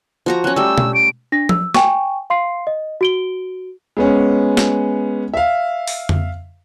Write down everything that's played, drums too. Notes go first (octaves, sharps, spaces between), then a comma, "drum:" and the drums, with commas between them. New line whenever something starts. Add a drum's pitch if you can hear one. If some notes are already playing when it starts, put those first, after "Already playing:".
F3 F#4 A#5
F#3 C#4 F#6
G3 A3 E6
drum: tom B2
D7
D4 A#6
E6, drum: tom F3
G5 G#5 C#6, drum: snare
F5 C6 C7
D#5
F#4 D7 G7
G#3 B3 C#4
drum: snare
E5 F5
drum: open hi-hat
drum: tom F2